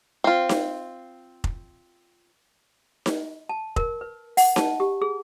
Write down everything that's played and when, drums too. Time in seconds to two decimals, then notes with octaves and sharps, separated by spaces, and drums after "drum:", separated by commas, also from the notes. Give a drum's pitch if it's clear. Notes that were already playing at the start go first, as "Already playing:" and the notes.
0.24 C4 F4
0.49 drum: snare D#4
1.44 drum: kick F1
3.06 drum: snare D#4
3.49 A5
3.76 A#4, drum: kick F1
4.01 B4
4.37 F#5, drum: open hi-hat
4.56 A5, drum: snare D#4
4.80 G4
5.02 G#4